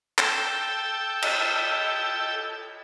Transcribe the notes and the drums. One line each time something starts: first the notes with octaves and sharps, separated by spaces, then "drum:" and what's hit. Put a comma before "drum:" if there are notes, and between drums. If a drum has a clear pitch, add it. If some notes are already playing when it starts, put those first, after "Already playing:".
A4 G5 E6, drum: clap
drum: cymbal